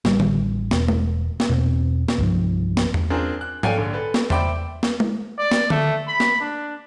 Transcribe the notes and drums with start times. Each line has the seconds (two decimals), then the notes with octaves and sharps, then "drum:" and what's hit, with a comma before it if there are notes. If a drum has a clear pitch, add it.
0.05 A1 G3, drum: snare
0.20 drum: tom D3
0.71 E1, drum: snare
0.88 drum: tom G#3
1.40 drum: snare
1.49 E2 B2 B3 C4
2.08 drum: snare
2.18 C2 G2 F3
2.77 drum: snare
2.94 drum: tom E2
3.10 C4 D4 F4 G#4 A#4
3.41 F#6
3.63 A4 C#5 D5 F5 G5 G#5, drum: tom G#2
3.77 A#1 D3
3.93 A4 B4
4.14 drum: snare
4.30 C5 D5 E5 G5 B5 D6, drum: tom E2
4.83 drum: snare
5.00 drum: tom G#3
5.38 D5
5.51 drum: snare
5.70 A3, drum: tom D3
6.08 B5
6.20 drum: snare
6.40 D4